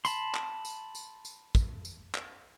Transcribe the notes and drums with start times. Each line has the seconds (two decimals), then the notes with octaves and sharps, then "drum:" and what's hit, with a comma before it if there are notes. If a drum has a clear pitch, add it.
0.05 A5 B5 C6, drum: tambourine
0.35 drum: clap
0.65 drum: tambourine
0.95 drum: tambourine
1.25 drum: tambourine
1.55 drum: kick, tambourine
1.85 drum: tambourine
2.15 drum: clap